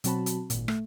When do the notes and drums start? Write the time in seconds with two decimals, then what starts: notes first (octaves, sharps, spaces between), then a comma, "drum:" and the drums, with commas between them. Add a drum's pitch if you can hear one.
0.04 B2 F#3 C4 F#4 A5 B5, drum: hi-hat
0.26 drum: hi-hat
0.50 G#1 A#2, drum: hi-hat
0.68 A3, drum: rim click